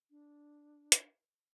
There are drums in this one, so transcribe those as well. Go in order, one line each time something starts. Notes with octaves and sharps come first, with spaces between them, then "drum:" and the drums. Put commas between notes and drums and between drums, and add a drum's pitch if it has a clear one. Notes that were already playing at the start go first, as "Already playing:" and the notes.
D4
drum: hi-hat